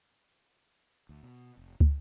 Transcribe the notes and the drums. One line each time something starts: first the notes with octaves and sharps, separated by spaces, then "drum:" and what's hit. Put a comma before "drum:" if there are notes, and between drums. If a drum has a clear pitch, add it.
D2
B2
F1
G#1, drum: kick